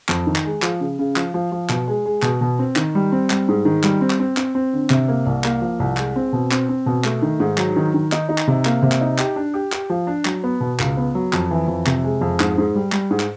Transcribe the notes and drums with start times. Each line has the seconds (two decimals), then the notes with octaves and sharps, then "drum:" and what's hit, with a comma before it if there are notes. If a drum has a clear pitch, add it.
0.09 F2, drum: clap
0.27 D#3
0.36 drum: clap
0.45 G#3
0.62 F3, drum: clap
0.80 C#3
0.99 C#3
1.16 F3, drum: clap
1.34 F3
1.52 F3
1.69 B2, drum: clap
1.88 G#3
2.06 G#3
2.22 B2, drum: clap
2.41 B2
2.59 C4
2.76 D#3, drum: clap
2.95 G3
3.12 C4
3.30 G3, drum: clap
3.48 G#2
3.65 D#3
3.83 G3, drum: clap
4.01 C4
4.10 drum: clap
4.20 C4
4.37 C4, drum: clap
4.55 C4
4.73 D3
4.90 C3, drum: clap
5.08 A#3
5.26 C2
5.44 A#3, drum: clap
5.62 F3
5.79 C2
5.97 G#3, drum: clap
6.16 C4
6.33 B2
6.51 C4, drum: clap
6.69 C4
6.86 B2
7.04 A3, drum: clap
7.22 D#3
7.40 G#2
7.58 F#3, drum: clap
7.76 D#3
7.94 D#3
8.12 D#4, drum: clap
8.29 D#4
8.38 drum: clap
8.48 C3
8.65 A#3, drum: clap
8.82 C3
8.92 drum: clap
9.01 D#4
9.18 G4, drum: clap
9.36 D4
9.54 G4
9.72 G4, drum: clap
9.90 F3
10.07 D4
10.25 F#3, drum: clap
10.44 B3
10.61 B2
10.80 C#2, drum: clap
10.97 B3
11.15 F#3
11.33 F2, drum: clap
11.51 E3
11.68 F2
11.87 C3, drum: clap
12.04 G#3
12.21 F2
12.40 G#2, drum: clap
12.58 G#2
12.75 G3
12.92 G3, drum: clap
13.10 G#2
13.20 drum: clap